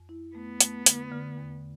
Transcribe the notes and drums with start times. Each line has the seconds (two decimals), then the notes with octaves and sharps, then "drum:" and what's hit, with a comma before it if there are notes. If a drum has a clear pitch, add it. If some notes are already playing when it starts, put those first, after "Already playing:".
Already playing: F2
0.09 E4
0.35 A3 B3
0.61 A3, drum: hi-hat
0.86 D3, drum: hi-hat
1.12 D3
1.37 E2